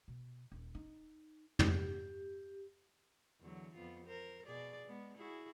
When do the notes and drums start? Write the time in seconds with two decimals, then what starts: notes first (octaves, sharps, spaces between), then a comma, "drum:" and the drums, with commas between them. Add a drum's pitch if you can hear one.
0.08 B2
0.52 D#1
0.75 D#4
1.59 G4, drum: tom
3.41 E2 D3 F#3
3.75 F2 B3 F4
4.07 A#4 C5
4.46 B2 G#4 D5
4.87 G#3 B3
5.18 E4 F#4 G#4